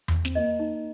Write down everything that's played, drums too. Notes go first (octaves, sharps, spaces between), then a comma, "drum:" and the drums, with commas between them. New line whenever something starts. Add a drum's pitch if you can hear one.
drum: tom E2
C4, drum: snare
A#3 D#5
D#4